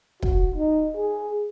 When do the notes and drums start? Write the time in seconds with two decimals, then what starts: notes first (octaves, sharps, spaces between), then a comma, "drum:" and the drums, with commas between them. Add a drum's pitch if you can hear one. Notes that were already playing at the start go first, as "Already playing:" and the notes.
0.23 F#4, drum: kick
0.56 D#4
0.97 G#4